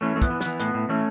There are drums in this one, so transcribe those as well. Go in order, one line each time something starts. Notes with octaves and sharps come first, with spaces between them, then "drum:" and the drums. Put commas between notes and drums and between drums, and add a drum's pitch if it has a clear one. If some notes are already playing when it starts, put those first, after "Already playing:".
E3 A3 C#4
E3 A3
B3, drum: kick, hi-hat
E3
B3, drum: snare
E3
A2 B3, drum: hi-hat
A2
E3 A3 C#4